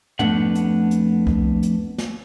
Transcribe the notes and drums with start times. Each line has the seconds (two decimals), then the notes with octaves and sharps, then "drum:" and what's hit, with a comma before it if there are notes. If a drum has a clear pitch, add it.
0.19 F2 A3 B3 D4 F#5, drum: tom
0.55 drum: hi-hat
0.91 drum: hi-hat
1.27 drum: kick C2
1.63 drum: hi-hat
1.98 drum: snare